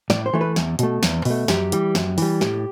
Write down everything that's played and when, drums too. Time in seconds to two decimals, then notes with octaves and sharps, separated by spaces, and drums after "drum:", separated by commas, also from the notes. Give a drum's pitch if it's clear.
0.10 A2 D5, drum: snare
0.26 C5
0.33 E3 A3
0.41 B4
0.56 E2, drum: snare
0.79 B2 A3, drum: hi-hat
1.03 E2, drum: snare
1.25 B2 A3, drum: open hi-hat
1.48 F#2 G4, drum: snare
1.72 E3 G3, drum: hi-hat
1.95 F#2, drum: snare
2.18 E3 G3, drum: open hi-hat
2.41 A2 G4, drum: snare